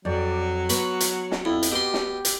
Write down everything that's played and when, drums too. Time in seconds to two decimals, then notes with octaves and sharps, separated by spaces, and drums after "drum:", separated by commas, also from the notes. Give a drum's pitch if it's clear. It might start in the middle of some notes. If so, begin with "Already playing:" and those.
0.05 F2 F#3 D5
0.69 B3 B4 C#6, drum: hi-hat
1.00 drum: hi-hat
1.32 drum: snare
1.45 F2 E4
1.63 drum: hi-hat
1.72 B2 G4 C6
1.94 drum: snare
2.25 drum: hi-hat